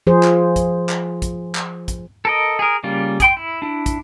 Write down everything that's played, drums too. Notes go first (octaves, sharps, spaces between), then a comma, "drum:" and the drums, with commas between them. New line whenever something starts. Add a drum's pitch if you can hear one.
F3 G#4 C5
drum: clap
drum: kick, hi-hat
drum: clap
drum: kick, hi-hat
drum: clap
drum: kick, hi-hat
A4 A#4 D#5
G#4 A#4
C#3 G3 A#3 F4
G#4 G5 C6, drum: kick, hi-hat
E4
D4 E4
drum: kick, hi-hat